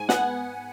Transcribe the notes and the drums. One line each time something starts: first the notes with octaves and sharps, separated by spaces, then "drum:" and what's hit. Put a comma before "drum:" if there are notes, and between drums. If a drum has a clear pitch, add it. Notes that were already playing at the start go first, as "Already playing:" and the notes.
Already playing: G#2 G#5
B3 F#5, drum: snare